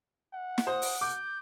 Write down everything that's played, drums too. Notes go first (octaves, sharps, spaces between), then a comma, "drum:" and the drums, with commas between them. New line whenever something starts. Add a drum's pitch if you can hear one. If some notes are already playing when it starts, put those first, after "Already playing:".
F#5
drum: snare
C5 D#6
drum: open hi-hat
D6 G6